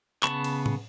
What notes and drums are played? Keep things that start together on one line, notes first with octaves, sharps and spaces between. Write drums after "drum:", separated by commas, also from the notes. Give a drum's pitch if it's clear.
C#3 B3 A5 B5 C#6, drum: clap
drum: cymbal
drum: tom A2